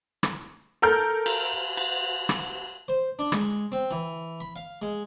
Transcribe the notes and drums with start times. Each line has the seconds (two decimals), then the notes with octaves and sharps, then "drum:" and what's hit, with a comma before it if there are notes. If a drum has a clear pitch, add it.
0.23 drum: rim click
0.82 A4 A#4 F6 G6
1.26 drum: cymbal
1.77 drum: cymbal
2.29 drum: rim click
2.88 C5
3.19 D4
3.32 G#3, drum: rim click
3.72 C4
3.91 E3
4.41 B5
4.56 F5
4.82 G#3